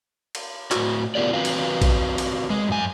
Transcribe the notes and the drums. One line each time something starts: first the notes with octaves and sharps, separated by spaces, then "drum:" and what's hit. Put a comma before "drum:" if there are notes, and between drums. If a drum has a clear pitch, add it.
drum: cymbal
A2 F#4, drum: clap
B3 F4 G4 A#4 D5
C4 F#4 B4 F5
drum: cymbal
drum: kick A#1, cymbal
drum: cymbal
G#3
F#2 G#5